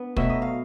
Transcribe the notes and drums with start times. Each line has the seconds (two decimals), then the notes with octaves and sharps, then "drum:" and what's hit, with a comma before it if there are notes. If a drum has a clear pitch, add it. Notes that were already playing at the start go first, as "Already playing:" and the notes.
Already playing: B3 D4
0.16 B2 F#3 A3 E5, drum: kick
0.30 D#5
0.42 F5